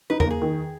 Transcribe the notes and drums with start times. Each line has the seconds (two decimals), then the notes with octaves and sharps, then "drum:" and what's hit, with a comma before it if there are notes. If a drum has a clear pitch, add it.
0.10 D#4 B4
0.20 A#4, drum: tom E2
0.26 A#3
0.31 G#4
0.42 D#3